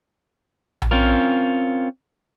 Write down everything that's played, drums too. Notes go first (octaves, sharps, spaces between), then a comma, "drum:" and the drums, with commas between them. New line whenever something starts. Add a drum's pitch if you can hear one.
drum: tom A#1
C4 C#4 F4 A#4